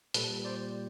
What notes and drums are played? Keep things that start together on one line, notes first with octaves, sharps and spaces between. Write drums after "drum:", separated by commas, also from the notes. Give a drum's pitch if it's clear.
A#2 G3 A4 B4, drum: hi-hat
C5 D5